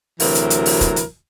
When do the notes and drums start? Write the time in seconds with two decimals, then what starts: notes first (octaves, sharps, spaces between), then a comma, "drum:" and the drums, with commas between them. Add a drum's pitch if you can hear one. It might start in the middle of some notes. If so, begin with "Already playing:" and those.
0.20 D2 C3 E3 F#3 E4 A#4, drum: open hi-hat
0.35 drum: hi-hat
0.50 drum: hi-hat
0.66 drum: open hi-hat
0.81 drum: kick E1, hi-hat
0.96 drum: hi-hat